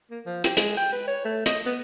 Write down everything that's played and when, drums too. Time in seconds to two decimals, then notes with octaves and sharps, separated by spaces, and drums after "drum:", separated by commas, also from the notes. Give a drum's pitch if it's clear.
0.11 A#3
0.26 F3
0.44 G4, drum: hi-hat
0.57 G#3, drum: hi-hat
0.77 G5
0.93 B4
1.08 C#5
1.25 A3
1.46 D#5, drum: hi-hat
1.66 B3